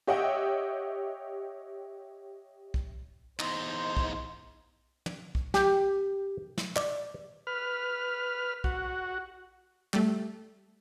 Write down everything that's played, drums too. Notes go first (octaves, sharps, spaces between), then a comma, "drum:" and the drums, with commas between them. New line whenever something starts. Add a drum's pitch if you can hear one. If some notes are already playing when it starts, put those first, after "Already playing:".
G4 C#5 D#5 E5 F#5 G5
drum: kick B1
E2 D#4 C5, drum: clap
drum: kick B1
drum: tom
drum: kick B1
G4, drum: snare
drum: snare
D5, drum: clap
B4 F6
F#4, drum: kick B1
G3 A3, drum: clap